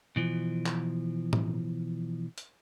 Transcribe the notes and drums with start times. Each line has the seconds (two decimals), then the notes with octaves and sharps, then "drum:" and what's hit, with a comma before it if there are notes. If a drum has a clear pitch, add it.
0.16 B2 E3 F3
0.66 drum: clap
1.33 drum: tom A2
2.38 drum: hi-hat